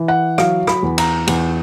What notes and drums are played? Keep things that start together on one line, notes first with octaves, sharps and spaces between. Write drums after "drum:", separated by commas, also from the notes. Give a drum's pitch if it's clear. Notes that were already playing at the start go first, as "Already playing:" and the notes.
Already playing: E3
F#5
F#3 F5, drum: rim click
B5, drum: rim click
E2
A#5, drum: cymbal
E2, drum: cymbal